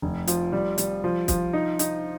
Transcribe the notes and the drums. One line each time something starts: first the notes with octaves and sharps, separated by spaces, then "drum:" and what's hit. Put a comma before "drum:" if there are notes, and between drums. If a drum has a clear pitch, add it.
F1
F3, drum: hi-hat
G3
G3, drum: hi-hat
F3
F3, drum: kick, hi-hat
D#4
D#4, drum: hi-hat